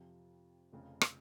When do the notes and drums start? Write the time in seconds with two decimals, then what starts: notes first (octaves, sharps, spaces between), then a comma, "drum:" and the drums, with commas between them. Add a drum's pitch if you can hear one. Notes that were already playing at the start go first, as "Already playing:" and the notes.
Already playing: F2 C3 F3
0.72 F1 F2 C#3 F3
1.01 drum: rim click